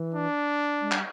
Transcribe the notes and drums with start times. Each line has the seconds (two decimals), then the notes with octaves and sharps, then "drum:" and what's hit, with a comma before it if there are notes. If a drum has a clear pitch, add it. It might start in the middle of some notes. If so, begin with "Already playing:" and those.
Already playing: E3
0.14 D4
0.80 G#3
0.92 G3, drum: clap